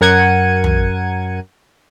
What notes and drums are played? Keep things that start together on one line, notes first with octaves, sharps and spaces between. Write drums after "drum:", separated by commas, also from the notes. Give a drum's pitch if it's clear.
F#2 A#4 F#5 G#6 C#7 D#7
drum: tom